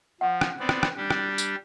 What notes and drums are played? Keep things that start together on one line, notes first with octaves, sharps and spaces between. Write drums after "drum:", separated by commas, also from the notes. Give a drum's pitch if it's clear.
F3 F#5
drum: rim click
B3 C4 D5
drum: rim click
drum: rim click
G3 D4 G4
drum: rim click
drum: tambourine